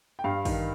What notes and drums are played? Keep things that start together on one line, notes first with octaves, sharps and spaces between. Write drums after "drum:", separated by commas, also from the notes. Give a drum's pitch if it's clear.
G5
G2 F5
D#3, drum: kick A1, open hi-hat